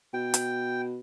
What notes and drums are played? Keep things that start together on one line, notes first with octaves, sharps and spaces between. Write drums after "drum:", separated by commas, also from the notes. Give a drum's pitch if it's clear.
B2 G5
drum: hi-hat